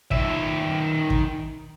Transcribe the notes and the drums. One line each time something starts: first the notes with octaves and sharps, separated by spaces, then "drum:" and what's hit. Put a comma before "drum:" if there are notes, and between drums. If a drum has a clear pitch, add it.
D#3 E5, drum: kick
drum: kick